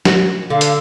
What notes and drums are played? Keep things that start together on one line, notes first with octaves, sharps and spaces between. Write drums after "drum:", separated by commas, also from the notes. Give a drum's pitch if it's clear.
F#4, drum: snare
D3 D4 F5
drum: hi-hat